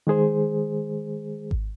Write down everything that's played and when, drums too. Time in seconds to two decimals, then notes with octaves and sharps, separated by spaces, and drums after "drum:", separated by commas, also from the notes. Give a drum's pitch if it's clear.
0.07 D#3 G#3 G#4 C5
1.51 drum: kick G#1